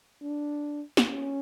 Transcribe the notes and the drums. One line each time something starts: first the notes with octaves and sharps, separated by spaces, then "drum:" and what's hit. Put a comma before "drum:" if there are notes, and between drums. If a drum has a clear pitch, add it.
D4
drum: snare
C#4